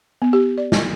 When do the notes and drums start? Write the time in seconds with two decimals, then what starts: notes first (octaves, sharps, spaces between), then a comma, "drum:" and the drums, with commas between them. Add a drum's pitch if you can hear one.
0.22 B3
0.33 G4
0.58 D5
0.72 drum: snare